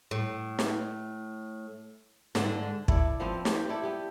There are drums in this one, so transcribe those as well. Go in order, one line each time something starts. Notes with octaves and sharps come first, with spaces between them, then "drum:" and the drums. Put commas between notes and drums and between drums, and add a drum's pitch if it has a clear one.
A2
drum: snare
G#2 D3, drum: snare
E4 A4 D5, drum: kick
F3 B3 C4 F4
C4 G4, drum: snare
E4 G4 A4 D5
B3 G4